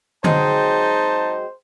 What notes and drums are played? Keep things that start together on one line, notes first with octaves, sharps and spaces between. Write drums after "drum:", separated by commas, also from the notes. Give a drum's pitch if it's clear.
F#3 G#3 C4 D#4 C5 A5, drum: tom D3